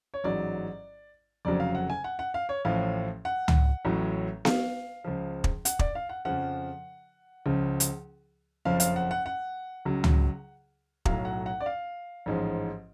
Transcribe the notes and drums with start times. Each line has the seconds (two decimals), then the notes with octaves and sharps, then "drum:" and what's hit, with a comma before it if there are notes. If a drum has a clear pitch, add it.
0.14 C#5
0.24 A1 G#2 F#3 D5
1.45 F1 F2 C#3 F#3 D5
1.60 F5
1.75 F#5
1.90 G#5
2.04 F#5
2.19 F#5
2.34 F5
2.49 C#5
2.65 A1 A2 F3 F5
3.25 F#5
3.48 drum: tom C#2
3.85 A1 A2 F#3
4.45 F5, drum: snare B3
5.04 C#2 C#3 F3
5.44 drum: kick
5.65 F#5, drum: hi-hat
5.79 D5, drum: kick
5.95 F5
6.09 F#5
6.25 F2 C#3 F3 F#5
7.46 C#2 C#3 F3
7.80 drum: hi-hat
8.65 F#1 F2 F3 F5
8.80 F5, drum: hi-hat
8.96 F#5
9.11 F#5
9.26 F#5
9.85 C#2 C#3 F#3
10.04 drum: tom C#2
11.05 B1 A2 F#3 F5, drum: kick
11.25 F#5
11.46 F#5
11.61 D5
11.66 F5
12.26 A1 G#2 F3